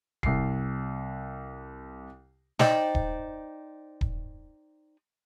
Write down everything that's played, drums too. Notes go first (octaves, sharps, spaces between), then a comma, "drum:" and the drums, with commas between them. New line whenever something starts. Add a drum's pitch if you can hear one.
C2 C7, drum: kick D#1
D#4 C5 D5 G5, drum: snare
drum: kick D#1
drum: kick D#1